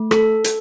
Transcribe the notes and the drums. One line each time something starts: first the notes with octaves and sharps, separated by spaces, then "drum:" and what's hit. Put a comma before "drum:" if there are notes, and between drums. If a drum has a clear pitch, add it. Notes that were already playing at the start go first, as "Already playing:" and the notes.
Already playing: A3
A4, drum: rim click
drum: hi-hat